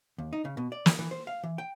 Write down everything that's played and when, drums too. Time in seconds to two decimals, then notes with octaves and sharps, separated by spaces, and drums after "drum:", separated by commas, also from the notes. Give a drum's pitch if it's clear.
0.18 D#2
0.33 D#4
0.45 C#3
0.57 B2
0.72 D5
0.86 E3, drum: snare
0.99 E3
1.11 C5
1.27 F5
1.43 E3
1.58 G5